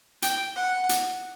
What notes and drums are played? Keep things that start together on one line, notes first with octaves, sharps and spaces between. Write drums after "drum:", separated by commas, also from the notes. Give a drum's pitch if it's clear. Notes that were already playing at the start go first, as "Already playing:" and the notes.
G5, drum: hi-hat
F#5
drum: hi-hat